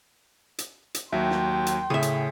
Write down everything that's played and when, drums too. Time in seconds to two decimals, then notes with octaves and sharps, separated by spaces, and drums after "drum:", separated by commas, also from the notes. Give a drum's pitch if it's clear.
0.58 drum: hi-hat
0.94 drum: hi-hat
1.12 D#2 F#3 E5 G5 C6
1.30 drum: snare
1.66 drum: hi-hat
1.90 A2 C#3 G#4 E5
2.02 drum: hi-hat